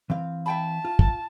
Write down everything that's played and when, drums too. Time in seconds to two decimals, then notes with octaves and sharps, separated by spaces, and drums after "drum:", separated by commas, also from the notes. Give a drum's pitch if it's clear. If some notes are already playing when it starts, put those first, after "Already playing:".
0.10 E3 C4 F5
0.46 E5 G5 A5 B5
0.85 F4
0.99 drum: kick